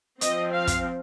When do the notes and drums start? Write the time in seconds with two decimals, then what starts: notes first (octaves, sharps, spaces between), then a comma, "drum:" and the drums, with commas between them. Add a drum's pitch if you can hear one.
0.21 F3 C4 D#5, drum: hi-hat
0.52 F5
0.67 drum: kick, hi-hat